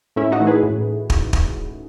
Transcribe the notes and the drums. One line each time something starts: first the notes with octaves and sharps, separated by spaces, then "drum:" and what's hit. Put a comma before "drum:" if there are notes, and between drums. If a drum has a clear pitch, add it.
A2 C#4 E4
D#4 F#4
E3 A3
G#4 B4
A2
drum: kick
drum: kick